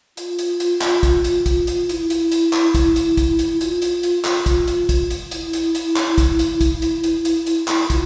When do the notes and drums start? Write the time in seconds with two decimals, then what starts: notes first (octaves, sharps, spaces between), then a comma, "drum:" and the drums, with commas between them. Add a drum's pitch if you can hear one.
0.17 F4, drum: hi-hat
0.39 drum: hi-hat
0.60 drum: hi-hat
0.81 drum: clap
1.03 drum: kick, hi-hat
1.24 drum: hi-hat
1.46 drum: kick, hi-hat
1.67 drum: hi-hat
1.89 E4, drum: hi-hat
2.10 drum: hi-hat
2.32 drum: hi-hat
2.53 drum: clap
2.75 drum: kick, hi-hat
2.96 drum: hi-hat
3.17 drum: kick, hi-hat
3.39 drum: hi-hat
3.61 F4, drum: hi-hat
3.82 drum: hi-hat
4.03 drum: hi-hat
4.25 drum: clap
4.46 drum: kick, hi-hat
4.68 drum: hi-hat
4.89 drum: kick, hi-hat
5.10 drum: hi-hat
5.31 E4, drum: hi-hat
5.53 drum: hi-hat
5.75 drum: hi-hat
5.96 drum: clap
6.18 drum: kick, hi-hat
6.39 drum: hi-hat
6.61 drum: kick, hi-hat
6.82 drum: hi-hat
7.04 drum: hi-hat
7.25 drum: hi-hat
7.46 drum: hi-hat
7.68 drum: clap
7.90 F4, drum: kick, hi-hat